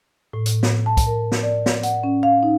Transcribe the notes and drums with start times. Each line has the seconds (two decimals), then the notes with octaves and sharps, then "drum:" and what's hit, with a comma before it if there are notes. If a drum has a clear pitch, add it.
0.33 A2
0.46 drum: hi-hat
0.63 drum: snare
0.86 A5
0.97 drum: kick, hi-hat
1.07 A#4
1.32 drum: snare
1.43 D5
1.66 drum: snare
1.83 F#5, drum: hi-hat
2.04 C#4
2.23 F5
2.43 D#4